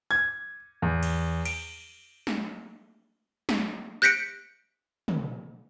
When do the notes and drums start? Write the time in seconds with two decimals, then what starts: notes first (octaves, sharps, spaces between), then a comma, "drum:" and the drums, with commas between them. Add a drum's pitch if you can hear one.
0.11 G#6
0.82 E2
1.03 drum: cymbal
1.45 D7, drum: cymbal
2.27 drum: snare
3.49 drum: snare
4.02 F#6 G6 A#6 B6 C#7 D7
5.08 drum: tom